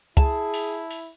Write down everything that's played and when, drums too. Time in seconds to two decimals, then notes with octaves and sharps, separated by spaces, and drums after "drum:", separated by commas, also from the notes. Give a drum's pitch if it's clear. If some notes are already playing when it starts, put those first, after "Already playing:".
0.17 E4 G#4 A5, drum: kick, hi-hat
0.54 drum: open hi-hat
0.91 drum: open hi-hat